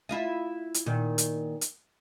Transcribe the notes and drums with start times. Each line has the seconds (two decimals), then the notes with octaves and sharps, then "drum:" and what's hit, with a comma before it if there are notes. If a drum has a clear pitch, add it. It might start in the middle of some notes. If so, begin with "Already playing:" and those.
0.09 E4 F4 D#5
0.74 drum: hi-hat
0.86 A#2 D#3
1.18 drum: hi-hat
1.61 drum: hi-hat